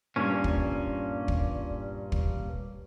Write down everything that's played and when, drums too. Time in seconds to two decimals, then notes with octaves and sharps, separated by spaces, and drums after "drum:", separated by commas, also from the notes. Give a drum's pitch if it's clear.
0.16 G2 A#2 C#4
0.44 drum: kick
1.28 drum: kick
2.12 drum: kick